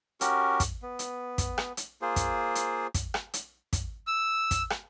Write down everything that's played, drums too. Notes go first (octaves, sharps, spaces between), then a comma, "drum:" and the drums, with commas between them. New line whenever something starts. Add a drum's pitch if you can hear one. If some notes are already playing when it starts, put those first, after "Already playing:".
C#4 F#4 G4 A#4, drum: hi-hat
drum: kick, hi-hat
B3
drum: hi-hat
drum: kick, hi-hat
drum: rim click
drum: hi-hat
A#3 F4 G#4 C5
drum: kick, hi-hat
drum: hi-hat
drum: kick, hi-hat
drum: rim click
drum: hi-hat
drum: kick, hi-hat
E6
drum: kick, hi-hat
drum: rim click